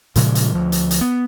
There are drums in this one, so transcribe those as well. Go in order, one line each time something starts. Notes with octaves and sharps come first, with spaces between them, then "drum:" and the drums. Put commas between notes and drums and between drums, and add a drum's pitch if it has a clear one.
A#2 C#3 F3 G#3, drum: hi-hat
drum: hi-hat
D2 F3
drum: hi-hat
drum: hi-hat
B3